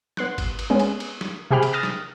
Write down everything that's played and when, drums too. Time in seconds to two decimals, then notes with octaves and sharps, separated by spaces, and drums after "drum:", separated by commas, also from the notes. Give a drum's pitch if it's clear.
0.17 B3 C6 F#6, drum: snare
0.38 drum: kick G1, cymbal
0.59 drum: cymbal
0.70 G#3 B3 C#4
0.80 drum: cymbal
1.00 drum: cymbal
1.21 drum: snare
1.51 C3 G4 G#4 G5 B5 F6
1.63 drum: cymbal
1.73 D#6 F6 A6 A#6
1.83 drum: snare